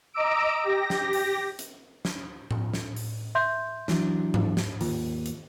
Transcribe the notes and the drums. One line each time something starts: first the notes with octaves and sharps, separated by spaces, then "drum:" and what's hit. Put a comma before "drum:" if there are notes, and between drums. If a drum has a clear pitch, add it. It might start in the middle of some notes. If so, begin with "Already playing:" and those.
D#5 A#5 D6 E6 D7
G4 A#6
drum: snare
drum: open hi-hat
drum: hi-hat
drum: snare
drum: tom A2
drum: snare
drum: open hi-hat
E5 C6 G6
E3 F#3 D4, drum: snare
drum: tom G#2
drum: snare
D#2 F4, drum: open hi-hat
drum: hi-hat